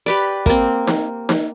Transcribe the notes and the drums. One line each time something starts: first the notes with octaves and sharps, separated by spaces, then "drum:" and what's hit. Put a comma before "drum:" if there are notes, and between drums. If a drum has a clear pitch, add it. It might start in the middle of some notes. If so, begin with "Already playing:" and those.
G4 B4 D5
A#3 C4, drum: kick
drum: snare D#4
drum: snare D#4